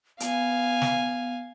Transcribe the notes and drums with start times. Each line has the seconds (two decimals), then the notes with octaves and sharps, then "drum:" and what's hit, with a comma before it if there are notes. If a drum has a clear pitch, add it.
0.20 B3 F5 G#5, drum: hi-hat
0.82 drum: snare